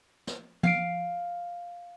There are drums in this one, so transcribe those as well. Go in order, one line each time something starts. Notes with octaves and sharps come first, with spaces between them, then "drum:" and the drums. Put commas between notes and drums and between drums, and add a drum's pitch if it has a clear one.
drum: snare
F5 C7 D7, drum: tom